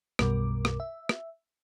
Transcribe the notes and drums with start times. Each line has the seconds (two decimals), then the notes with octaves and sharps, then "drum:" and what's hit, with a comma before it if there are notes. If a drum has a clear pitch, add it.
0.19 B1 F#2 B2 G3 A#4 D6, drum: rim click
0.65 drum: rim click
0.80 E5
1.09 drum: rim click